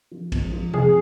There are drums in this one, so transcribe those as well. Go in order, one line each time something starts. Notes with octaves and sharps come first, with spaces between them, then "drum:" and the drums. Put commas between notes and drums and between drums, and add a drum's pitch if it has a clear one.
F3
G#2, drum: kick A#1, cymbal
F3
F2 G#4, drum: tom C3